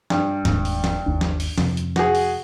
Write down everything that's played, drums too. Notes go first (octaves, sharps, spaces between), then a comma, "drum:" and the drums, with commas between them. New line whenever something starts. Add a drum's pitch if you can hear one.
G2, drum: snare
D#1 D#2 G#2, drum: snare
drum: open hi-hat
drum: snare
G1 D#2 D4
drum: snare
drum: open hi-hat
F2 C3, drum: snare
drum: hi-hat
F#4 G#4, drum: snare
drum: open hi-hat